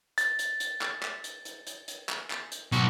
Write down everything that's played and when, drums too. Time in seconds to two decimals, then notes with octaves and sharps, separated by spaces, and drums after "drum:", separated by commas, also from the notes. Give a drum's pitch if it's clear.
0.18 A6, drum: hi-hat
0.39 drum: hi-hat
0.60 drum: hi-hat
0.82 drum: clap
1.03 drum: clap
1.24 drum: hi-hat
1.45 drum: hi-hat
1.67 drum: hi-hat
1.88 drum: hi-hat
2.09 drum: clap
2.30 drum: clap
2.52 drum: hi-hat
2.72 B1 F#4, drum: hi-hat